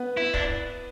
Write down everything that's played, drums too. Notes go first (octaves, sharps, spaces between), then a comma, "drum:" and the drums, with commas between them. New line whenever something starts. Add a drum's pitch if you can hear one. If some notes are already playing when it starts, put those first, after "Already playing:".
Already playing: B3 B4
E4
D4, drum: kick